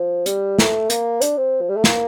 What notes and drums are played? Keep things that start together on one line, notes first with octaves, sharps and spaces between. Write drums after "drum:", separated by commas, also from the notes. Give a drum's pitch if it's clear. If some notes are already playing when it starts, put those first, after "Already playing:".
Already playing: F3
G3, drum: hi-hat
A3, drum: snare
A#3, drum: hi-hat
D4, drum: hi-hat
C4
F3
G3
A3
A#3, drum: snare